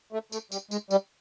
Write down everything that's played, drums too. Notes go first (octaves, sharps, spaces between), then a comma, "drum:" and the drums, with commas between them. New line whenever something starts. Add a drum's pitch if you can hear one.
A3
A3, drum: tambourine
G3, drum: tambourine
G#3, drum: tambourine
G3, drum: tambourine